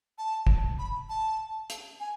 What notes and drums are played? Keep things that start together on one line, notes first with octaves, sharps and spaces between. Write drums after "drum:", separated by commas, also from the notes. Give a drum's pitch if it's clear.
A5
drum: kick
B5
A5
drum: hi-hat
G#5